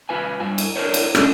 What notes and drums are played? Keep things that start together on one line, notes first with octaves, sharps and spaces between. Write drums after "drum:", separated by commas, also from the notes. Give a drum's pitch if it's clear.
F4 B4 G#5
G2 G#5
drum: cymbal
D4 A#4 C5 C#5
drum: cymbal
G#3 A3 C#4 D4 F4 A4, drum: rim click